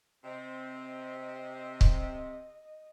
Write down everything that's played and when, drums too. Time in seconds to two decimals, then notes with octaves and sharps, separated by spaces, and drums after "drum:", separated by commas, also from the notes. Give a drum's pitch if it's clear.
0.25 C3 C4 D#5
1.81 drum: kick